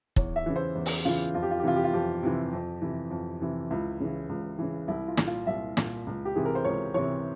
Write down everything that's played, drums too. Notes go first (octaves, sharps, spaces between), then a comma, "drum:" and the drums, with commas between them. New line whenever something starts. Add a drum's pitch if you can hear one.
E2 C#5, drum: kick
E5
C#3 E3
C5
E2
drum: open hi-hat
C#3 E3 F4
F2 F4
G4
F4
G4
C3 E3 F4
G4
F4
F2 G4
C3 E3
F2
C3 E3
F2
C3 E3
C#2 E4
C#3 E3
C#2
C#3 E3
C2 E4
F4
A#2, drum: snare
F4
C2 E5
A#2, drum: snare
C#2
G4
C3 E3 G#4
A#4
C5
C#2 C#5
C3 E3 C#5